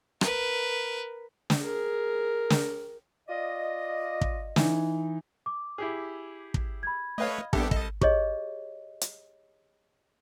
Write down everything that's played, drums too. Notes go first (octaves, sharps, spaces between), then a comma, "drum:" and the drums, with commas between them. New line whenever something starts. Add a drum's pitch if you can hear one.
A#4 B4, drum: rim click
drum: snare
G#4 A#4
drum: snare
F4 D5 D#5
drum: kick
E3 D#4, drum: snare
D6
E4 G4 G#4
drum: kick
B5 G#6
A3 B4 C#5 D#5 F5
C2 B3 D4 G4 A4, drum: kick
D#5 A5, drum: kick
G4 G#4 C#5 D#5, drum: kick
drum: hi-hat